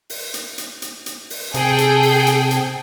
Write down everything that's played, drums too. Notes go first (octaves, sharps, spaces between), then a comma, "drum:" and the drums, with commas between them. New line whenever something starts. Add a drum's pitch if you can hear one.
drum: open hi-hat
drum: hi-hat
drum: hi-hat
drum: hi-hat
drum: hi-hat
drum: open hi-hat
C3 G#4 A4 G5, drum: hi-hat
drum: hi-hat
drum: open hi-hat
drum: hi-hat
drum: hi-hat